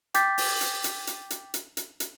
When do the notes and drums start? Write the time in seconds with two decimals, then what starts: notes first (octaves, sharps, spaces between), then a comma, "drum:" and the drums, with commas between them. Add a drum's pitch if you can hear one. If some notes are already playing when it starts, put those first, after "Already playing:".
0.14 G5 D6 G6 A6 B6, drum: hi-hat
0.38 drum: open hi-hat
0.61 drum: hi-hat
0.84 drum: hi-hat
1.07 drum: hi-hat
1.30 drum: hi-hat
1.54 drum: hi-hat
1.77 drum: hi-hat
2.00 drum: hi-hat